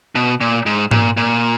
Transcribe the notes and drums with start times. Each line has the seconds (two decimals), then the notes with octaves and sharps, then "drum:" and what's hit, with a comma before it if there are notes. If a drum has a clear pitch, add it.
0.15 B2
0.41 A#2
0.66 G#2
0.91 A#2, drum: tom G#2
1.17 A#2